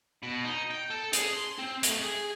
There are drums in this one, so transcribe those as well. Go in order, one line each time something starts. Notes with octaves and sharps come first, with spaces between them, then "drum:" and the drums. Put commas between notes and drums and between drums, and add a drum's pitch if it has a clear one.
B2
D#4
G5
A4
G#4, drum: hi-hat
C6
C4
A3, drum: hi-hat
G#4